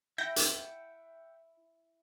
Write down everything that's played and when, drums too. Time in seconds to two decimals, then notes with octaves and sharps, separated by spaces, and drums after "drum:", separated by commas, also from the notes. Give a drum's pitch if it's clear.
0.18 E4 E5 F#5 G5 G6 A#6
0.36 drum: hi-hat